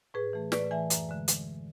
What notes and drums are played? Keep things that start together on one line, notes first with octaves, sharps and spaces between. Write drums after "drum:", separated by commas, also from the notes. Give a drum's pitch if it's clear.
A2 G#4 B4
E3 A3
A2 B4 D5, drum: snare
E3 A3 E5 G#5
F#2, drum: hi-hat
D3 G#3
drum: hi-hat